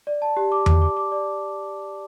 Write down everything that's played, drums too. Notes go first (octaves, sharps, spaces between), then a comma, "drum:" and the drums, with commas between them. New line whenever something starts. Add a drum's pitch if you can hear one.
D5
A5
G4
D6
G4, drum: tom E2
D6
D6
D5